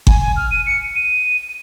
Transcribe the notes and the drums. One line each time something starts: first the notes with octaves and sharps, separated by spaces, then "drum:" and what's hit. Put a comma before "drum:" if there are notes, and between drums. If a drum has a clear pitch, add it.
G#5, drum: kick G1
G#5
F6
D#7
C#7
D#7